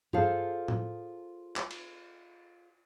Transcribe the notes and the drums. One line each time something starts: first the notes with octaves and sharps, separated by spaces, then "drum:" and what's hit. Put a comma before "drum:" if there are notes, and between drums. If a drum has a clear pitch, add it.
F4 G#4 A4 C5 F5, drum: tom G2
drum: tom A2
drum: clap
drum: cymbal